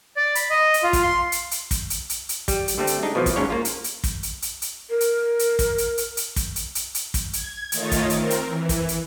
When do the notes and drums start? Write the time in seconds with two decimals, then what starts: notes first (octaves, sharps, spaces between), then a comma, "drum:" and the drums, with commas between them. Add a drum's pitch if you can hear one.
0.17 D5
0.35 B5, drum: hi-hat
0.50 D#5
0.74 drum: hi-hat
0.83 F4
0.93 drum: kick, hi-hat
1.02 C6
1.32 drum: hi-hat
1.51 drum: hi-hat
1.71 drum: kick, hi-hat
1.90 drum: hi-hat
2.10 drum: hi-hat
2.29 drum: hi-hat
2.48 G3, drum: kick, hi-hat
2.68 drum: hi-hat
2.78 D3 G3 A3 C4
2.87 drum: hi-hat
3.03 G#3 D4 D#4
3.15 B2 E3 F3
3.26 drum: kick, hi-hat
3.36 D2 G#2 C#4 D4 C#5
3.50 A#3 F4
3.65 drum: hi-hat
3.84 drum: hi-hat
4.04 drum: kick, hi-hat
4.23 drum: hi-hat
4.42 drum: hi-hat
4.62 drum: hi-hat
4.90 A#4
5.01 drum: hi-hat
5.39 drum: hi-hat
5.59 drum: kick, hi-hat
5.78 drum: hi-hat
5.98 drum: hi-hat
6.17 drum: hi-hat
6.36 drum: kick, hi-hat
6.56 drum: hi-hat
6.75 drum: hi-hat
6.95 drum: hi-hat
7.14 drum: kick, hi-hat
7.33 G#6, drum: hi-hat
7.72 D#3 A3 D#4 F4 C#5 A6, drum: hi-hat
7.92 drum: kick, hi-hat
8.10 C4 A#4, drum: hi-hat
8.30 drum: hi-hat
8.47 E3
8.69 drum: kick, hi-hat
8.89 drum: hi-hat